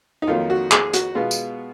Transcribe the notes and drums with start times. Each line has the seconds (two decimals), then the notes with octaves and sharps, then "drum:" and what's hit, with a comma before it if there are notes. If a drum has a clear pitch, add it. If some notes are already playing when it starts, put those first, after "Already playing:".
0.22 D#4
0.27 F2 D#3 F#3 A#3 F4
0.50 F#4
0.71 G#4, drum: clap
0.93 F#4, drum: hi-hat
1.15 B2 G#3 B3 F4
1.31 drum: tambourine